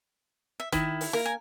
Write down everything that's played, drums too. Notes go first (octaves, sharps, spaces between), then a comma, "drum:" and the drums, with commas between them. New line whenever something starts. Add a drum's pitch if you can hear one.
E5
D#3 E4, drum: kick, hi-hat
drum: open hi-hat
A#3 A#4
G#5